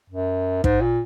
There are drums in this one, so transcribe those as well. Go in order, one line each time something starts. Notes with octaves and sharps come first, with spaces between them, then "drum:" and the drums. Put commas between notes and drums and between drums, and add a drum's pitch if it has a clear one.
F#2
G#2, drum: kick
A#2